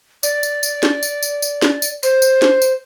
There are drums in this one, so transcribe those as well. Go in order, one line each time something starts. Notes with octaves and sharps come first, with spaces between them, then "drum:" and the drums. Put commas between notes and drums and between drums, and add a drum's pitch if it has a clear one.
D5, drum: tambourine
drum: tambourine
drum: tambourine
drum: snare
drum: tambourine
drum: tambourine
drum: tambourine
drum: snare
drum: tambourine
C5, drum: tambourine
drum: tambourine
drum: snare
drum: tambourine